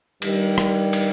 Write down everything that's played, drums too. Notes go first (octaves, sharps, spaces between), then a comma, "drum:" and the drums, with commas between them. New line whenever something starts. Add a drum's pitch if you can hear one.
G2 D#3 G3, drum: cymbal
drum: rim click
drum: cymbal